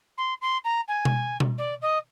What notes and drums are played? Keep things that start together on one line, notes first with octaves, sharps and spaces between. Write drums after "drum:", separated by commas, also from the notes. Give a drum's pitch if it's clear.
C6
C6
A#5
G#5
drum: tom B2
drum: tom B2
D5
D#5